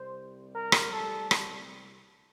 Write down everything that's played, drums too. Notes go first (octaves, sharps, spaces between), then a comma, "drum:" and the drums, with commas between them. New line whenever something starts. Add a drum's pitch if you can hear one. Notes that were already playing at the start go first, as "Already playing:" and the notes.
Already playing: C2 C3 G3 C5
A#4
drum: rim click
A4
drum: rim click